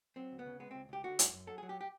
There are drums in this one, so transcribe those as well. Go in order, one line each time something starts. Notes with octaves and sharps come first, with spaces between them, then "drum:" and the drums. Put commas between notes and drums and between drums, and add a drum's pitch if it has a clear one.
F#3 C4
D2
B3
C#3
G#3 B3
C#2 C4
C#2 G4
D3 F#4
F#2, drum: hi-hat
F#2
F#3 A4
F#3 G#4
G4
G4